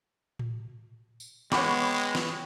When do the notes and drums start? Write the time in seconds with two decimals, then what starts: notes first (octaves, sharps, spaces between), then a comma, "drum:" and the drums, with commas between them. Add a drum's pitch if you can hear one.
0.39 drum: tom A2
1.20 drum: tambourine
1.52 G#3 B3 C#5 F#5 G5 B5 C#6 D6, drum: snare
2.15 drum: snare